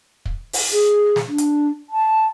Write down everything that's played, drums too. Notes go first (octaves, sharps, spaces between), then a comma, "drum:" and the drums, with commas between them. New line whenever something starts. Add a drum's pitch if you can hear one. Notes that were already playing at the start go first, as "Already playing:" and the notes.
drum: kick
drum: open hi-hat
G#4
drum: snare
D4
drum: hi-hat
A5